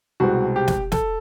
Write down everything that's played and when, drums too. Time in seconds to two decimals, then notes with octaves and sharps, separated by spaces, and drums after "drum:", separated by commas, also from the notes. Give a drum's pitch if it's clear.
0.20 C2 B2 G#3 C4 F#4
0.56 G4
0.68 drum: snare
0.92 A4, drum: snare